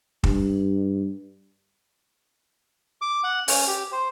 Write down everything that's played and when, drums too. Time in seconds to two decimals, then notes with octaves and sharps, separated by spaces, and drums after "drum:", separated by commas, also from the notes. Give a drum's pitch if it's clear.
0.24 G2, drum: kick
3.01 D6
3.24 F#5
3.48 C#4, drum: open hi-hat
3.67 G4
3.92 C5